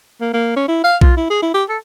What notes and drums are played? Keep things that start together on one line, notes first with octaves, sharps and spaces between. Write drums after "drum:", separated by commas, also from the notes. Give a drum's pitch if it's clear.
A#3
A#3
C#4
E4
F5
F4, drum: kick B1
E4
G#4
E4
G4
A4